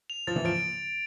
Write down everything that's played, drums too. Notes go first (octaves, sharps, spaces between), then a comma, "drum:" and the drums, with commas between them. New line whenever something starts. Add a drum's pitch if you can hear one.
F7
F3 A6
E3, drum: tom C#3
F3 D7